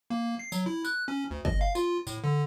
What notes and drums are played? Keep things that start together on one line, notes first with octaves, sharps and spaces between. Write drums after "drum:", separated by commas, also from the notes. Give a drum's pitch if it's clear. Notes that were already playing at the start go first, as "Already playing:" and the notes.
A#3
C7
F#3, drum: tambourine
E4
F#6, drum: tambourine
C#4
D2
D#5, drum: kick
F5
F4, drum: tambourine
A2, drum: tambourine
D3